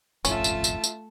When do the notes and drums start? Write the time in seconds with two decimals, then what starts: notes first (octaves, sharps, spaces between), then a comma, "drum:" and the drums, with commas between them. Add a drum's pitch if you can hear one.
0.25 D#1 G#1 F2 A3 C#4 F4 E5 A5, drum: tambourine
0.44 drum: tambourine
0.64 drum: tambourine
0.84 drum: tambourine